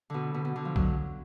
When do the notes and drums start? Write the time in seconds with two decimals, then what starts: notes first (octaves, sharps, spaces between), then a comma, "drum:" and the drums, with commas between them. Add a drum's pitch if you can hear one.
0.10 B2 D3
0.34 B2
0.45 B2
0.56 D3
0.65 F3
0.76 F#3, drum: kick